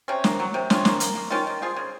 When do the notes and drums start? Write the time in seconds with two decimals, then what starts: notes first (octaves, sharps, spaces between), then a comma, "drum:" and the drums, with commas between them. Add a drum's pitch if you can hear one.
0.08 C3 C#4
0.24 A#3, drum: snare
0.40 F#3
0.54 C3
0.70 C3 C#4 F4, drum: snare
0.85 A#3, drum: snare
1.00 A#3, drum: hi-hat
1.15 A#3
1.30 D#3 C#4 F4
1.47 D#3
1.62 F3 F4 G#4
1.76 C#3